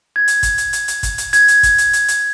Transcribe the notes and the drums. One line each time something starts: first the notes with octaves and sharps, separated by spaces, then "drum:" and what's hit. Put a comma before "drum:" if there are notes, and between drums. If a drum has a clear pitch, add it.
G#6
drum: hi-hat
drum: kick G1, hi-hat
drum: hi-hat
drum: hi-hat
drum: hi-hat
drum: kick G1, hi-hat
drum: hi-hat
G#6, drum: hi-hat
drum: hi-hat
drum: kick G1, hi-hat
drum: hi-hat
drum: hi-hat
drum: hi-hat